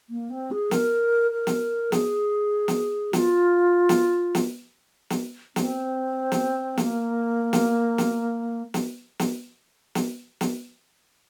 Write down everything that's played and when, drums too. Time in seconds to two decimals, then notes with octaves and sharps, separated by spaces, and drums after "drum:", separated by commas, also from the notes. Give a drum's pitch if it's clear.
0.10 A#3
0.30 C4
0.51 G#4
0.71 A#4, drum: snare
1.31 A#4
1.47 drum: snare
1.92 G#4, drum: snare
2.68 drum: snare
3.13 F4, drum: snare
3.89 drum: snare
4.35 drum: snare
5.10 drum: snare
5.56 C4, drum: snare
6.32 drum: snare
6.77 A#3, drum: snare
7.53 drum: snare
7.98 drum: snare
8.74 drum: snare
9.19 drum: snare
9.95 drum: snare
10.41 drum: snare